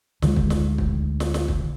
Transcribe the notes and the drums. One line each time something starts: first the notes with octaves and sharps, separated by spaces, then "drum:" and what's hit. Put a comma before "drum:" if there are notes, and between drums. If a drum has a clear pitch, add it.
D2 D#3 G#3, drum: snare
drum: kick
drum: snare
drum: kick
drum: snare
drum: snare
drum: kick